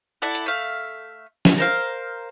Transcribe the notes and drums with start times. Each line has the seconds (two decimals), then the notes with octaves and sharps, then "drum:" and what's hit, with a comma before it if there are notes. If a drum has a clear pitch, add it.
0.22 E4 A4 D5 F#5
0.35 drum: hi-hat
0.46 A3 E5 F5
1.45 drum: snare
1.58 A#4 C5 F5